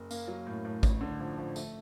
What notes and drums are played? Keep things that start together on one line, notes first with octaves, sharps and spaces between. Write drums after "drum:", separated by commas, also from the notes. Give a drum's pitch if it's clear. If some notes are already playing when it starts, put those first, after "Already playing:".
Already playing: F#1
A#3, drum: tambourine
F#3
A2
A2
A1, drum: kick G#1, tambourine
D3
F3
F3
A3, drum: tambourine